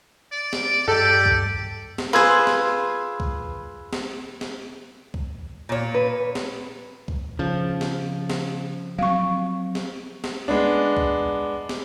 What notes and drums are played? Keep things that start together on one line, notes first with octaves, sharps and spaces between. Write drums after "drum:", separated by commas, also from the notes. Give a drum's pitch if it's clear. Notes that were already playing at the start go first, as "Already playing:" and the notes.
D5
drum: snare
G2 G4 A4 D5
drum: kick C2
drum: snare
F4 G#4 B4 C5 C6 E6 G#6
drum: snare
drum: kick C2
drum: snare
drum: snare
drum: kick C2
A#2 C#5
B4
drum: snare
drum: kick C2
C#3 F3
drum: snare
drum: snare
F#3 C4 F5 C#6
drum: snare
drum: snare
G#3 B3 D4
drum: kick C2
drum: snare